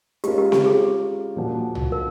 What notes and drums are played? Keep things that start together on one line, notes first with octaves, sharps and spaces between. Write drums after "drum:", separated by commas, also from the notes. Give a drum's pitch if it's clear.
G#3 C#4 F4 G4 A#4 C#5, drum: hi-hat
G4
G4, drum: snare C4
G#4
A#2 F3 A#3 D4 F#4
drum: tom C2
A#4